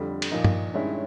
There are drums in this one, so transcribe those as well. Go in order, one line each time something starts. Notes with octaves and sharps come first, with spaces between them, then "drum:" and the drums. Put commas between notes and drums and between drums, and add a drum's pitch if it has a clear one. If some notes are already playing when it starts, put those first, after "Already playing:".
Already playing: F2 D3 G3
drum: cymbal
A#2 F3 A#3 D#4
drum: tom G2
G2 D#3 G#3 C#4 E4